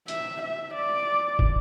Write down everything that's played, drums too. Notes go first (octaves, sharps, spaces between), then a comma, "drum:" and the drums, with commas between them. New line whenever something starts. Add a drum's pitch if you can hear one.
E5, drum: hi-hat
E5
D5
drum: kick